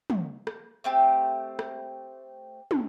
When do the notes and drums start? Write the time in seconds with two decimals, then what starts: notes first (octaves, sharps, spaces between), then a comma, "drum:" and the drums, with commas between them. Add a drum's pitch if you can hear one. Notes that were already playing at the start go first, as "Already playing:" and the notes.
0.10 drum: tom
0.47 drum: rim click
0.84 A3 C4 G4
1.59 drum: rim click
2.71 drum: tom